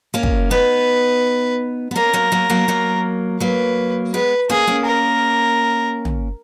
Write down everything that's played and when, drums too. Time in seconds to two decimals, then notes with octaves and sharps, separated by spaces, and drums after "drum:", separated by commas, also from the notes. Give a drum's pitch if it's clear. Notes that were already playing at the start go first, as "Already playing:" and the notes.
0.14 A#3 C#4
0.23 drum: kick
0.51 B3 D#4 B4
1.91 B3
1.96 A#3 C#4 A#4
2.13 F#3 A#3
2.32 F#3 A#3
2.50 F#3 A#3
2.68 F#3 A#3
3.40 F#3 A#3 B4
4.14 G#3 B3 B4
4.50 A#3 C#4 G#4, drum: snare
4.67 A#3 C#4
4.85 A#4
6.05 drum: tom